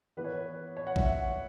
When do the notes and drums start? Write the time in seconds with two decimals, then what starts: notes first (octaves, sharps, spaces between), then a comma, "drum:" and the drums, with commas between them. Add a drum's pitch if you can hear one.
0.17 E3 B3 B4
0.24 C#5
0.32 B4
0.77 C#5
0.87 F#5
0.96 E5, drum: kick A#1
1.06 F#5